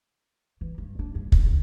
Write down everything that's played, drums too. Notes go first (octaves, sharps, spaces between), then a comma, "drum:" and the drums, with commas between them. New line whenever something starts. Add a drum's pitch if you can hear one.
E3
G2
D4
G2
F3, drum: kick
C#2